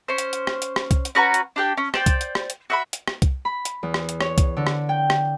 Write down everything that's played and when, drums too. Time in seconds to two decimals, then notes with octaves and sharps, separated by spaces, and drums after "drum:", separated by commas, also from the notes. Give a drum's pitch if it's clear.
0.08 C#4 C5
0.18 drum: hi-hat
0.33 drum: hi-hat
0.47 drum: rim click
0.62 drum: hi-hat
0.76 drum: rim click
0.91 drum: kick C2, hi-hat
1.05 drum: hi-hat
1.15 C#4 F#4 B4 A#5
1.34 drum: hi-hat
1.56 D4 G4 G5
1.77 C#4
1.94 C5 D5 G5, drum: rim click
2.06 drum: kick C2, hi-hat
2.21 drum: hi-hat
2.35 drum: rim click
2.50 drum: hi-hat
2.70 F#4 E5 B5
2.93 drum: hi-hat
3.08 drum: rim click
3.22 drum: kick C2, hi-hat
3.45 B5
3.65 drum: hi-hat
3.83 E2
3.94 drum: rim click
4.09 drum: hi-hat
4.21 C#5, drum: rim click
4.38 drum: kick C2, hi-hat
4.57 D3
4.67 drum: rim click
4.89 G5
5.10 drum: rim click